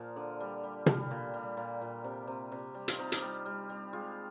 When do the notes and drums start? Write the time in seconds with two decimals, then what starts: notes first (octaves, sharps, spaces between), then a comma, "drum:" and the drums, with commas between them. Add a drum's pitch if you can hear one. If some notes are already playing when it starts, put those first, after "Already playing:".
Already playing: A#2 F3 F4
0.16 D3
0.40 G3
0.63 G3
0.86 G3, drum: tom
1.11 A#2
1.34 G3
1.57 A#2
1.81 A#2
2.04 C3
2.27 C3
2.52 C3
2.74 G3
2.88 F4, drum: hi-hat
2.99 C3 D#4
3.12 drum: hi-hat
3.22 G3
3.46 G3
3.69 G3
3.93 G#3 F4